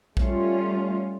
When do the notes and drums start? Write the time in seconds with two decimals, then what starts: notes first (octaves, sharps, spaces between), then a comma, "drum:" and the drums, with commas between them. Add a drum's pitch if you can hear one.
0.17 G3 A3 C#4 F4, drum: kick